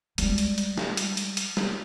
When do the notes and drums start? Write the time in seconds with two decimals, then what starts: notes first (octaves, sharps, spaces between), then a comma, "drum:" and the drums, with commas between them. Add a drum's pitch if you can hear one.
0.18 G3 G#3, drum: hi-hat
0.38 drum: hi-hat
0.58 drum: hi-hat
0.78 drum: snare
0.97 drum: hi-hat
1.17 drum: hi-hat
1.37 drum: hi-hat
1.57 drum: snare